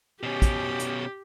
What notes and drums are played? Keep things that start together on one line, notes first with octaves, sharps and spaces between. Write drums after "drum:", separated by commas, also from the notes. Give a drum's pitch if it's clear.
B2 C#4 G4
drum: kick, hi-hat
drum: hi-hat